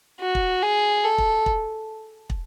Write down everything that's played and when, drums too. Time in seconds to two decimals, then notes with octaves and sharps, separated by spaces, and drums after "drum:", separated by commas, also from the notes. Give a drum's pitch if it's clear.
0.21 F#4
0.35 drum: kick
0.63 G#4
1.05 A4
1.18 drum: kick
1.46 drum: kick
2.30 drum: kick